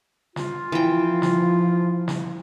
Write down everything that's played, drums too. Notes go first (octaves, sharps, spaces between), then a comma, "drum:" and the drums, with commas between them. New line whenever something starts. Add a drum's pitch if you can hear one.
F4, drum: snare
E3 F3 G5
drum: snare
drum: snare